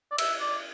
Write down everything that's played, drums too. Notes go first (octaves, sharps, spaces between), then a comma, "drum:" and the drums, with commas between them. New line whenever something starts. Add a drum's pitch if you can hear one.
D5
E5, drum: cymbal
D5